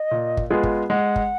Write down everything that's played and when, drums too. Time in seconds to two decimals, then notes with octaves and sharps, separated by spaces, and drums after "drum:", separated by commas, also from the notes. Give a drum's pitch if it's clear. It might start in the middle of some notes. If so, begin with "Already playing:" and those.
Already playing: D#5
0.11 A#2
0.37 drum: kick
0.50 G#3 B3 F4 G#4
0.63 drum: kick
0.90 G#3 F#5
1.16 drum: kick